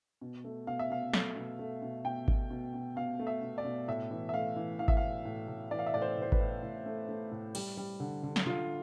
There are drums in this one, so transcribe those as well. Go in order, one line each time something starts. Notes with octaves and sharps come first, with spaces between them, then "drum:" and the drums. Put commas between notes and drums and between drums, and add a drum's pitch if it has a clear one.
B2
A3
B2 F5
E5
B2 F5
A3, drum: snare
B2
A3
B2
B2 G5
B2, drum: kick G#1
B2
B2
B2 F5
A3
E5
B2
D5
B2
A2 E5
E3
E5
A3 F5
E3
E3 F5
E5, drum: kick G#1
F5
A2
A2
A2
E3 D5
F5
E5
A2 D5
C5
A2
C5
B4, drum: kick G#1
A2
A2
A3
A3
A2
G3, drum: cymbal
G3
D3
D3
drum: snare
D3 F4